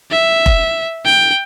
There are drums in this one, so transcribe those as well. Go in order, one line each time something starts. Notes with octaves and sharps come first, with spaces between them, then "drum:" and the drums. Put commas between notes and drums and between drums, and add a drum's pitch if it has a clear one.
E5
drum: kick F1
G5